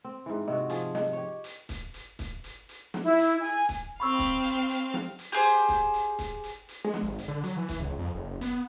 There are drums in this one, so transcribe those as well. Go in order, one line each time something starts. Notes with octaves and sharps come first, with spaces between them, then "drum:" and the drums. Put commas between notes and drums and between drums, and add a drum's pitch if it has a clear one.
C4
G#2 E3
C3 C4 F#4 D#5
F3 G#4, drum: hi-hat
D#5, drum: snare
G4 C#5
drum: hi-hat
drum: kick, hi-hat
drum: hi-hat
drum: kick, hi-hat
drum: hi-hat
drum: hi-hat
drum: snare
E4
drum: hi-hat
G#5
drum: kick, hi-hat
C4 F5 B5 C#6 E6
drum: kick, hi-hat
drum: hi-hat
drum: hi-hat
drum: snare
drum: hi-hat
G4 G#4 C5
drum: hi-hat
drum: kick, hi-hat
drum: hi-hat
drum: kick, hi-hat
drum: hi-hat
drum: hi-hat
G#3
drum: snare
G#1
drum: hi-hat
D3
F#3, drum: hi-hat
E3
drum: kick, hi-hat
C#2
F2
F#1
B3, drum: hi-hat